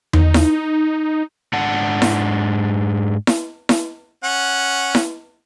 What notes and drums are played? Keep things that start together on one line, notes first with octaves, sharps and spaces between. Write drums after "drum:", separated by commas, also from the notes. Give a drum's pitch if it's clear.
D#4, drum: tom E2
drum: snare E4
G#2 D4 F#5 A5
drum: snare E4
drum: snare E4
drum: snare E4
C#4 F#5
drum: snare E4